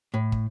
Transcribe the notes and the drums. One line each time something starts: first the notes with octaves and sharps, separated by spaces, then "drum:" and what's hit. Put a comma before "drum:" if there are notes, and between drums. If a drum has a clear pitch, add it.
A2
drum: kick